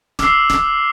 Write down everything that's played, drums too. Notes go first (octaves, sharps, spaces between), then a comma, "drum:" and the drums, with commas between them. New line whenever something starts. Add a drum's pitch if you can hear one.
D6 E6 F6 C7, drum: snare
drum: snare